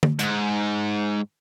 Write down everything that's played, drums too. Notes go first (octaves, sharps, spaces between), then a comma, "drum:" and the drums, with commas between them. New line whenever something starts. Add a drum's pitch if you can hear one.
drum: tom D3
G#2, drum: hi-hat